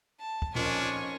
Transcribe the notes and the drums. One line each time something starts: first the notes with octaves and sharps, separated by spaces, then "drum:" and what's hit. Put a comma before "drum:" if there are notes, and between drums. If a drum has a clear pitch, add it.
A5
drum: kick
F2 D#3 C#4 D4 F4 A#4 G#5 C#6, drum: tom A#2